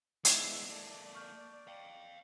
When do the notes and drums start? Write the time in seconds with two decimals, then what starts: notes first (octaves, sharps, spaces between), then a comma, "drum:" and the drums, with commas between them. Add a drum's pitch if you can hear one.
0.25 G#3 B3 D4 E4 B4 D#5 E5 G#6, drum: hi-hat
0.70 A#3 A4 D5
1.14 C#6 F6 G6
1.68 F5 G5